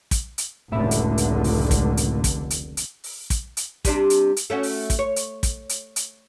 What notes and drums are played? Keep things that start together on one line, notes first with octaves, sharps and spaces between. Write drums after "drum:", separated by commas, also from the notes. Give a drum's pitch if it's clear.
drum: kick, hi-hat
drum: hi-hat
F1 C#2 A2 D3 E5 B5
drum: hi-hat
drum: hi-hat
drum: open hi-hat
drum: kick, hi-hat
drum: hi-hat
drum: kick, hi-hat
drum: hi-hat
drum: hi-hat
drum: open hi-hat
drum: kick, hi-hat
drum: hi-hat
C3 G3 D4, drum: kick, hi-hat
drum: hi-hat
drum: hi-hat
A3 C#4 F#4
drum: open hi-hat
drum: kick, hi-hat
C#5
drum: hi-hat
drum: kick, hi-hat
drum: hi-hat
drum: hi-hat